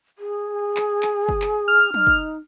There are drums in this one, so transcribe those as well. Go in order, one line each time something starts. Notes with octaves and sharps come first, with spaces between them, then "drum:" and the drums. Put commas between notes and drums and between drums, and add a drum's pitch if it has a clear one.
G#4
drum: clap
drum: clap
drum: kick F#1
drum: clap
F6
D#4, drum: tom F3
drum: kick F#1